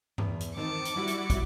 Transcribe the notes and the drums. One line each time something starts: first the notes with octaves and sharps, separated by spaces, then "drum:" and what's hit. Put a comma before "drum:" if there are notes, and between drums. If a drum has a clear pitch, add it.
E2, drum: tom G2
drum: hi-hat
D#3 C4 C#4 D#4 A5 D6 C#7
drum: hi-hat
G3 E4 F#4 D5
drum: hi-hat
drum: kick, hi-hat